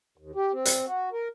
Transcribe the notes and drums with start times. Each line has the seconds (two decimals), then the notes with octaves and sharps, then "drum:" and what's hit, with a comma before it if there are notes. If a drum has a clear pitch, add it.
0.18 D#2
0.35 G4
0.53 C4
0.65 drum: hi-hat
0.86 F#4
1.13 A#4